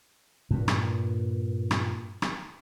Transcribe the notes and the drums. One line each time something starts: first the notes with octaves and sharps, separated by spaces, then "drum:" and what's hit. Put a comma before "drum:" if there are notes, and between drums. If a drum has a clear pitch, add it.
G2 A#2
drum: rim click
drum: rim click
drum: rim click